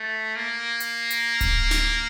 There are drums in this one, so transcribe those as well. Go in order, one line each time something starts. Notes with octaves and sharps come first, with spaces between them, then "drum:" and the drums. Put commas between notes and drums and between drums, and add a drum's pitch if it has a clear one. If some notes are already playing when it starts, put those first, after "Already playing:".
Already playing: A3
A#3
drum: hi-hat
drum: hi-hat
drum: kick D1, hi-hat
drum: snare